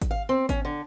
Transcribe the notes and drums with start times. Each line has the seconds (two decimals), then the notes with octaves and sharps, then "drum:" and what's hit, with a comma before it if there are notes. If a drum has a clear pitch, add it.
0.02 drum: kick G#1, hi-hat
0.11 F5
0.29 C4
0.49 C#4, drum: kick G#1, hi-hat
0.65 D3